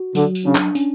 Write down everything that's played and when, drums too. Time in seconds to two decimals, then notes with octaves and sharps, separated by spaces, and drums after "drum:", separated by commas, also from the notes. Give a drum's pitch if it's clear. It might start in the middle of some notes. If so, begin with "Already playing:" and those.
Already playing: F#4
0.15 D3 F#3, drum: tambourine
0.35 drum: tambourine
0.45 C#3 D4
0.55 drum: clap
0.75 C#4, drum: tambourine